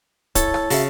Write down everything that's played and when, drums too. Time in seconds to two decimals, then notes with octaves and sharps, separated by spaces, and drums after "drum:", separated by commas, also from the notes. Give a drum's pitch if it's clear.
0.35 E4 A4 C#5, drum: kick, hi-hat
0.54 drum: rim click
0.70 C#3 F#4 E5, drum: open hi-hat